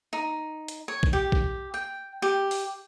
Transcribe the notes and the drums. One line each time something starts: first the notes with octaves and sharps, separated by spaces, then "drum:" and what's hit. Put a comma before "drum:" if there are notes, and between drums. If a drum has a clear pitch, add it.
D#4
drum: hi-hat
C#5
drum: kick A#1
G4
drum: kick A#1
G5
G4
drum: open hi-hat